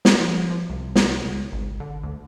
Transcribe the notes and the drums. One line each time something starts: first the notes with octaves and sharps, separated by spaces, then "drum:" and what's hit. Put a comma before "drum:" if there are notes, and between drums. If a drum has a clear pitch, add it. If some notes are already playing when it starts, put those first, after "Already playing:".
drum: snare
F3
F3
C2
drum: snare
C2
C#2
G#1
D3
D2